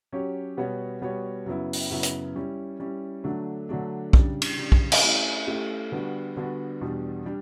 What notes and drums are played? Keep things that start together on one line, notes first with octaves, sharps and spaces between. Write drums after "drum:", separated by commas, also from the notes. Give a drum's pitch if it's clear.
F#3 C#4 G4 C#5
B2 G3 B3 F#4 C#5
B2 G3 B3 F#4 C#5
F#2 C#3 F#3 B3 E4
drum: open hi-hat
F#2 C#3 F#3 B3 E4
drum: hi-hat
G3 C#4 E4
G3 C#4 E4
D3 F#3 A3 D4
D3 F#3 A3 D4
C#3 G3 D4, drum: kick
drum: cymbal
C#3 G3 D4
drum: kick
drum: cymbal
A3 C#4 E4 G4
A3 C#4 E4 G4
D3 G3 B3 D4 F#4
D3 G3 B3 D4 F#4
E2 B2 G3 D4
G3 D4